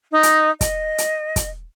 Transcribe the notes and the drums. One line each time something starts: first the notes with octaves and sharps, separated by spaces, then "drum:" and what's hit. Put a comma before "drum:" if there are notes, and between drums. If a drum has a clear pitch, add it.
D#4 D#5
drum: hi-hat
D#5, drum: kick, hi-hat
drum: hi-hat
drum: kick, hi-hat